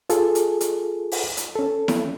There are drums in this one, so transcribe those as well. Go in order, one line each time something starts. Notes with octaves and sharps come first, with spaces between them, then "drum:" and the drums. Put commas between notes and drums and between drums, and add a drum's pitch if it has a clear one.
F4 G#4 A4, drum: hi-hat
drum: hi-hat
drum: hi-hat
drum: open hi-hat
drum: hi-hat
C#4 A4
drum: snare E4